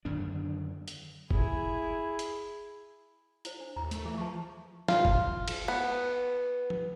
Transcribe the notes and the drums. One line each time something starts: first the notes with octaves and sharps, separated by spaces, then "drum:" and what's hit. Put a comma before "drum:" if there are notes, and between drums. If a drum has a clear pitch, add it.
F#2 D3 D#3 D4
drum: hi-hat
E4 G#4, drum: kick F#1
drum: hi-hat
E4 C5, drum: hi-hat
D4
D#2 A#5
A3, drum: hi-hat
E3 G#4 E5
F3 A5 C#6
F4, drum: snare
drum: kick F#1
drum: cymbal
B3
drum: tom F3